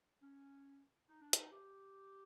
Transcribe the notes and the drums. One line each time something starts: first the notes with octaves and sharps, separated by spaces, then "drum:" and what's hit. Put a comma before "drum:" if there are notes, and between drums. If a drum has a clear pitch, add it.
C#4
D#4
D4
D#4, drum: hi-hat
G4